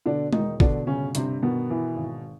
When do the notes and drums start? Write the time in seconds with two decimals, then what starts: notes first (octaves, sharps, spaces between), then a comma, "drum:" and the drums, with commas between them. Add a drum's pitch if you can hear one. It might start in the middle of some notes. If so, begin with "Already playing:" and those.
0.06 B2 D3 D4
0.33 E1 D#3 D#4, drum: tom G#3
0.60 B2 D3 D4, drum: kick
0.87 G1 C#3 C#4
1.15 G2 C3 C4, drum: hi-hat
1.42 B2 D#3 B3
1.70 E3
1.96 G#1